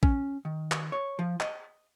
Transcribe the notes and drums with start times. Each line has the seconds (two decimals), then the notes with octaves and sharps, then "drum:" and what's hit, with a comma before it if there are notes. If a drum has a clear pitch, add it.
0.03 C#4, drum: kick A#1
0.45 D#3
0.72 drum: clap
0.92 C#5
1.19 F3
1.40 D#5, drum: clap